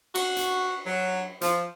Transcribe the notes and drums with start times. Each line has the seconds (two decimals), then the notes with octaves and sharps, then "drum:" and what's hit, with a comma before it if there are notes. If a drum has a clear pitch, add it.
0.15 F#4, drum: cymbal
0.37 drum: hi-hat
0.86 F#3
1.41 F3, drum: hi-hat